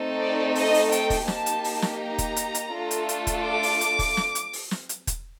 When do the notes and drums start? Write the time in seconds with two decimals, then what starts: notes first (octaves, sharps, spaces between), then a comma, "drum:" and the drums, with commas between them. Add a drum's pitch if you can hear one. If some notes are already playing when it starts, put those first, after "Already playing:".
Already playing: A3 C4 D#4 A4
0.20 D5
0.55 D#5, drum: open hi-hat
0.74 drum: open hi-hat
0.92 G5, drum: hi-hat
1.10 drum: kick, open hi-hat
1.28 A#3 D#4 G4 A5, drum: snare
1.46 drum: hi-hat
1.64 drum: open hi-hat
1.82 drum: snare
2.00 A#5
2.18 drum: kick, hi-hat
2.36 drum: hi-hat
2.55 drum: hi-hat
2.73 A3 D4 F4 A4
2.91 drum: hi-hat
3.09 drum: hi-hat
3.27 drum: kick, hi-hat
3.45 D6
3.63 drum: open hi-hat
3.81 drum: hi-hat
3.99 drum: kick, open hi-hat
4.17 drum: snare
4.35 drum: hi-hat
4.53 drum: open hi-hat
4.71 drum: snare
4.89 drum: hi-hat
5.07 drum: kick, hi-hat